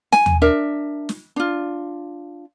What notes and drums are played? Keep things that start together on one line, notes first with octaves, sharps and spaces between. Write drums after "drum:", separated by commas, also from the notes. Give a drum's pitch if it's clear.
G#5, drum: snare
drum: tom D#2
D4 A#4 E5
drum: snare
D4 F4